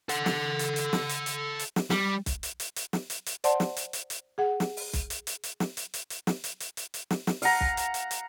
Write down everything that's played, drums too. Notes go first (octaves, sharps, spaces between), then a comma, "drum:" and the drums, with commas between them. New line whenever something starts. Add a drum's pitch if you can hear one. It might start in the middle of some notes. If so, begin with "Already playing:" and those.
A4 F#5, drum: hi-hat
drum: snare
drum: hi-hat
drum: hi-hat
drum: snare
drum: hi-hat
drum: hi-hat
drum: hi-hat
drum: snare
G3, drum: snare
drum: kick B1, hi-hat
drum: hi-hat
drum: hi-hat
drum: hi-hat
drum: snare
drum: hi-hat
drum: hi-hat
C5 D5 F#5 A5 C6, drum: hi-hat
drum: snare
drum: hi-hat
drum: hi-hat
drum: hi-hat
G#4 F#5
drum: snare
drum: open hi-hat
drum: kick B1, hi-hat
drum: hi-hat
drum: hi-hat
drum: hi-hat
drum: snare
drum: hi-hat
drum: hi-hat
drum: hi-hat
drum: snare
drum: hi-hat
drum: hi-hat
drum: hi-hat
drum: hi-hat
drum: snare
drum: snare
F5 F#5 A#5, drum: open hi-hat
drum: kick B1
drum: hi-hat
drum: hi-hat
drum: hi-hat